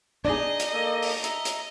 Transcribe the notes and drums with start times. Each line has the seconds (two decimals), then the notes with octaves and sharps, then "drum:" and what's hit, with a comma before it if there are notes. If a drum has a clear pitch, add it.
0.25 D4 D#4 G#4 D5 D#5
0.60 drum: hi-hat
0.73 A#3 A4
1.02 drum: open hi-hat
1.24 D#5 E5 A#5, drum: hi-hat
1.45 drum: hi-hat